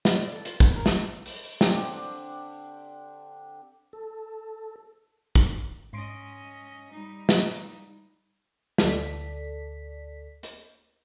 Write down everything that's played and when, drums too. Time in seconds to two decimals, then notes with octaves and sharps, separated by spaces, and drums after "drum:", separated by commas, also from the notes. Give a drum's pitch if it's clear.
0.05 B4, drum: snare
0.16 D5
0.32 A4
0.45 F4, drum: hi-hat
0.60 B3, drum: kick
0.76 A#4
0.86 drum: snare
1.26 drum: open hi-hat
1.61 D3 C4 D4 G4, drum: snare
3.93 A4
5.35 drum: kick
5.93 G#2 C#4 D#5 C6 D7
6.92 G3 D#4
7.29 drum: snare
8.78 D2 A4 D5 B6, drum: snare
10.43 drum: hi-hat